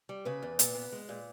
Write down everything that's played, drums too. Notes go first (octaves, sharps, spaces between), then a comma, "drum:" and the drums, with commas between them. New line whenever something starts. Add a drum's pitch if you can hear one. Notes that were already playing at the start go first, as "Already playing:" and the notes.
G3
C#3 B4
E2
A#2, drum: hi-hat
B3
G#3
A#2